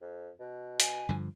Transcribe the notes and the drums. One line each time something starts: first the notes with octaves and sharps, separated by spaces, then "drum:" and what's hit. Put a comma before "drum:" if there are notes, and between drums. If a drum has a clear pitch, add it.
F2
B2
G#5, drum: hi-hat
G2 D3 F3